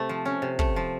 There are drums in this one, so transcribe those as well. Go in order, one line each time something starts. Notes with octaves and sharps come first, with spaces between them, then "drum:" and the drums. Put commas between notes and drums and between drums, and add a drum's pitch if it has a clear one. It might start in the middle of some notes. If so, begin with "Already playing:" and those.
Already playing: C3 A3
F3
C#4
C3
A3, drum: kick
F3